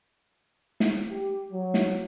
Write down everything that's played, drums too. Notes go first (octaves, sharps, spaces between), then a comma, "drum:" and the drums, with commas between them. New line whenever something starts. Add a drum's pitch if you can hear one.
drum: snare
G4
F#3
drum: snare